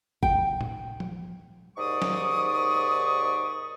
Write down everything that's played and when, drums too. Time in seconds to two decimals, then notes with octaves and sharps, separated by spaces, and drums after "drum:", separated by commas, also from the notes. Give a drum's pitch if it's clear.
0.23 G5, drum: kick
0.61 drum: tom A#2
1.00 drum: tom F3
1.77 D#2 G#2 D5 C#6 D#6
2.02 drum: snare F#3